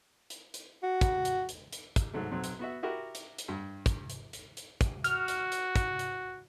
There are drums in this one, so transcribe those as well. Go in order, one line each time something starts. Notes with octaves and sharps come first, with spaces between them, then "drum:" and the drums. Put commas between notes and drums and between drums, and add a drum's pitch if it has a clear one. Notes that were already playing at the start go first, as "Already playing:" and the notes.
drum: hi-hat
drum: hi-hat
F#4
drum: kick, hi-hat
drum: hi-hat
drum: hi-hat
drum: hi-hat
drum: kick, hi-hat
G#2 F#3 A3
B1 F#3 C4
drum: hi-hat
B3 F#4 E5
E4 F#4 G4 A#4
drum: hi-hat
drum: hi-hat
G2
drum: kick, hi-hat
drum: hi-hat
drum: hi-hat
drum: hi-hat
drum: kick, hi-hat
F#4 F6, drum: hi-hat
drum: hi-hat
drum: hi-hat
drum: kick, hi-hat
drum: hi-hat